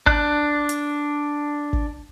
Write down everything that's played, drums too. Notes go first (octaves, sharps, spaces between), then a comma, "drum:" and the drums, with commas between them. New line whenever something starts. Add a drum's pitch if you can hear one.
D4 F#6, drum: kick
drum: hi-hat
drum: kick